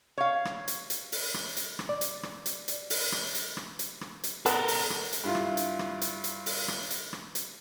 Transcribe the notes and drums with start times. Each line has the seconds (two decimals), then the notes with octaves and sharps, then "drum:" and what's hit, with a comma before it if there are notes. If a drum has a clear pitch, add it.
0.18 C#5 F5
0.45 drum: rim click
0.68 drum: hi-hat
0.90 drum: hi-hat
1.12 drum: open hi-hat
1.34 drum: rim click
1.57 drum: hi-hat
1.79 drum: rim click
1.89 D5
2.01 drum: hi-hat
2.23 drum: rim click
2.46 drum: hi-hat
2.68 drum: hi-hat
2.90 drum: open hi-hat
3.12 drum: rim click
3.35 drum: hi-hat
3.57 drum: rim click
3.79 drum: hi-hat
4.01 drum: rim click
4.24 drum: hi-hat
4.46 B3 A4 A#4 F#5, drum: hi-hat
4.68 drum: open hi-hat
4.90 drum: rim click
5.13 drum: hi-hat
5.24 G2 E4 F4
5.35 drum: rim click
5.57 drum: hi-hat
5.79 drum: rim click
6.01 drum: hi-hat
6.24 drum: hi-hat
6.46 drum: open hi-hat
6.68 drum: rim click
6.90 drum: hi-hat
7.13 drum: rim click
7.35 drum: hi-hat